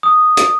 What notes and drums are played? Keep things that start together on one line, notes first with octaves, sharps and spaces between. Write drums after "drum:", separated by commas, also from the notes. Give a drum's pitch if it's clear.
D#6
drum: hi-hat